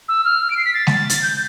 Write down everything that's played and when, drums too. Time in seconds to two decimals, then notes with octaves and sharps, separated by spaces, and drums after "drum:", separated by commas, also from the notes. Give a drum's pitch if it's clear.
0.08 E6
0.24 F6
0.50 D7
0.57 C7
0.65 B6
0.74 A6
0.87 drum: snare G#3
1.10 drum: hi-hat
1.22 G6